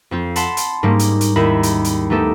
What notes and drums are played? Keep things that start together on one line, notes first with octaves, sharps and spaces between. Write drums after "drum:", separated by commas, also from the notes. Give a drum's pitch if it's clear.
F2 C4 F4
F#5 A5 B5 C6, drum: hi-hat
drum: hi-hat
G#2 G3 G#3 A#3 C#4
drum: hi-hat
drum: hi-hat
D#2 D#4 E4 B5
drum: hi-hat
drum: hi-hat
A3 B3 D#4 G4 A4